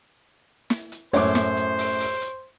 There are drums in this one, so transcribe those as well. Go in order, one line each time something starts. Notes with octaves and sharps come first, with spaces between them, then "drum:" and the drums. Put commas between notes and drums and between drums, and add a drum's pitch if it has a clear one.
drum: snare
drum: hi-hat
F#2 A2 C5 C#5 D6, drum: open hi-hat
drum: snare
drum: hi-hat
drum: open hi-hat
drum: open hi-hat
drum: hi-hat